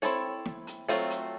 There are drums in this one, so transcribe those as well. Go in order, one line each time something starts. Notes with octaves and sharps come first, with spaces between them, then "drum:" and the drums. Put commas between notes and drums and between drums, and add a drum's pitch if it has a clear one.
C4 E4 A4 C#5, drum: hi-hat
drum: snare
drum: hi-hat
F#3 A3 C4 F4 A4, drum: hi-hat
drum: hi-hat